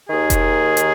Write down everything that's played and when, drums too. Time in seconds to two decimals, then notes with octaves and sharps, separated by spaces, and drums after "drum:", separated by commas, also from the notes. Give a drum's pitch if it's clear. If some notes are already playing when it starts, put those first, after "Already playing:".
0.06 D#2 D#3 G#4
0.30 drum: kick F1, hi-hat
0.77 drum: hi-hat